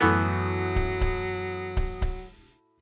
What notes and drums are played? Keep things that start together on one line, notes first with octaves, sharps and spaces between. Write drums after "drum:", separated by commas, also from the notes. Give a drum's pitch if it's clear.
F#2 A2 E3 F#3 B3 F#4 A4 D#6
drum: kick C#1
drum: kick C#1
drum: kick C#1
drum: kick C#1